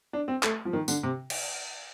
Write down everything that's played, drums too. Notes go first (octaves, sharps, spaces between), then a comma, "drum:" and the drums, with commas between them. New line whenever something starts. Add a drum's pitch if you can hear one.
D4
C4
A3, drum: clap
F3
D#3
D3, drum: tambourine
C3
drum: cymbal